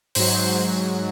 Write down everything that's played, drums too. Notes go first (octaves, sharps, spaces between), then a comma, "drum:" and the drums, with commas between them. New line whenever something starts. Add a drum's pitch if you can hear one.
G#2 F#3 C5, drum: open hi-hat